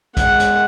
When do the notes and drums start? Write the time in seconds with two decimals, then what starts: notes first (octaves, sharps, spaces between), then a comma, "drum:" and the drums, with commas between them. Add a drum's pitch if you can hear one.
0.17 G#3 F#5, drum: kick, hi-hat
0.40 drum: hi-hat